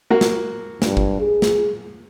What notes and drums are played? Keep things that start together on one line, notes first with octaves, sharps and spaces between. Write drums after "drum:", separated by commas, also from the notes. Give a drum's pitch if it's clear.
A#3 F#4 A#4
drum: snare
G2, drum: snare
drum: kick G#1
G#4
drum: snare